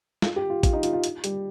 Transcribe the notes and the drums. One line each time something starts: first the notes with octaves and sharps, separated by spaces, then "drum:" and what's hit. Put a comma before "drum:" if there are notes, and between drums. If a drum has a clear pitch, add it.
F4, drum: snare
G4
F4
F4, drum: kick A1, hi-hat
D#4
F4, drum: hi-hat
F4
drum: hi-hat
G3, drum: hi-hat